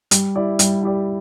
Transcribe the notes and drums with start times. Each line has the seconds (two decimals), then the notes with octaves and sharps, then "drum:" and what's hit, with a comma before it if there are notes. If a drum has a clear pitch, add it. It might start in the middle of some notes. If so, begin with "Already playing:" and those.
0.11 G3, drum: hi-hat
0.36 E4 G4 D5
0.59 G3, drum: hi-hat
0.82 E4 G4 D5